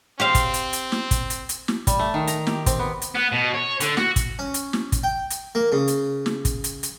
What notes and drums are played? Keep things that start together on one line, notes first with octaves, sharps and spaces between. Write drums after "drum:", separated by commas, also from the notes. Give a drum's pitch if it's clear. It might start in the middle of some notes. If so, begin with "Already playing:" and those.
C4 G4 C5 F5
drum: kick, hi-hat
drum: hi-hat
drum: hi-hat
drum: snare
drum: kick, hi-hat
drum: hi-hat
drum: hi-hat
drum: snare
G3, drum: kick, hi-hat
A3
D#3
A#5, drum: hi-hat
G4, drum: snare
C4, drum: kick, hi-hat
B3
drum: hi-hat
B3
B2
C#5
D3, drum: hi-hat
F#4, drum: snare
drum: kick, hi-hat
C#4
drum: hi-hat
drum: snare
drum: kick, hi-hat
G5
drum: hi-hat
A#3
C#3
drum: hi-hat
drum: snare
drum: kick, hi-hat
drum: hi-hat
drum: hi-hat